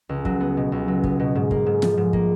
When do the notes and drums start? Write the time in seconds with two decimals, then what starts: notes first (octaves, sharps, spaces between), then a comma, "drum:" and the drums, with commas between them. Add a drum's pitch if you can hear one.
0.09 C#2
0.25 F#3, drum: kick
0.41 B3
0.57 B2
0.72 C#2
0.88 F#3
1.04 B3, drum: kick
1.20 B2
1.35 G#2
1.51 A#3, drum: kick
1.66 G#2
1.82 F3, drum: snare
1.97 G#2
2.13 A#3, drum: kick